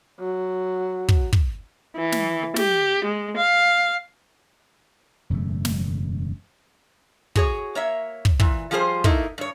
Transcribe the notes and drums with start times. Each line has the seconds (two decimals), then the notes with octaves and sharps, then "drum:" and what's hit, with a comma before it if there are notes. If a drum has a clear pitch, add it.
0.20 F#3
1.09 drum: kick
1.33 drum: kick
1.95 E3
2.12 drum: snare
2.56 G4, drum: snare
3.05 G#3
3.37 F5
5.30 E1 F#2 C#3 A3
5.65 drum: snare
7.35 F#4 G#4 C#5, drum: kick
7.75 A#3 C#5 E5
8.25 drum: kick
8.40 A#2 E3, drum: kick
8.71 F3 G3 F4 G#4 A#4 C5
9.04 A3 A#3 D#4 E4, drum: kick
9.38 G2 C#5